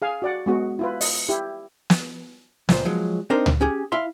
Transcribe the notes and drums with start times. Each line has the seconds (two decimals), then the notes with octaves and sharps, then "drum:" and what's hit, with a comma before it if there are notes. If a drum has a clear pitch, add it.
0.02 G#4 F5 G#5
0.22 F#4 D5 F#5
0.46 G#3 B3 F#4
0.79 E4 F4 B4
1.01 D#5, drum: open hi-hat
1.29 E4 G4
1.90 drum: snare
2.69 C#2 A#2 C5, drum: snare
2.85 F3 F#3 G#3
3.30 C4 D4 D#4 A#4 C5
3.46 drum: tom C#2
3.61 C#4 G4 G#4
3.92 E4 E5 F5 C6